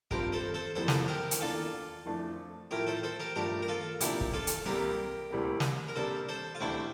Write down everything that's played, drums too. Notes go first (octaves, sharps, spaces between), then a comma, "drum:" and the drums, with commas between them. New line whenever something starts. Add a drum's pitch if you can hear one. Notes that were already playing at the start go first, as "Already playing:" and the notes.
G2 F3 C4 G4 A#4, drum: kick
A4 C5
A4 C5
F2 E3 G3 A#3 A4 C5
drum: snare
G4 A#4
drum: hi-hat
E2 E3 A#3 D4 F4 A4
F2 E3 A3 D4
A2 F3 A3 E4 G4 A#4
A4 C5
A4 C5
G4 A#4
G2 F3 A3 D4 G4 A#4
A#4
F4 A4
C3 F3 A#3 D4 E4 G4, drum: hi-hat
drum: kick
F4 A4
drum: hi-hat
C2 C3 G3 A#3 G4 A#4
D2 C3 E3 G3 A#3
drum: snare
A#4
C3 G3 A#3 D4 A4 C5
A4 C5
F4
D2 C3 E3 A3 C4 D4 E4